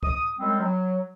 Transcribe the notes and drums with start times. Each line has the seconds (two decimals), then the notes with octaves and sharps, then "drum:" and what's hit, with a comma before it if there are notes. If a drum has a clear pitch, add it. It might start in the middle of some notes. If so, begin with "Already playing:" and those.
0.03 D#6, drum: kick
0.39 F#2 G3 G#3 C4
0.60 F#3